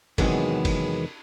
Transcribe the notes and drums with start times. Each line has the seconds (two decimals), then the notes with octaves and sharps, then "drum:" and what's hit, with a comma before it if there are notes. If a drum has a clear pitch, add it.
0.18 E2 C3 D#3 F#3 G#3 B3, drum: kick, cymbal
0.65 drum: kick, cymbal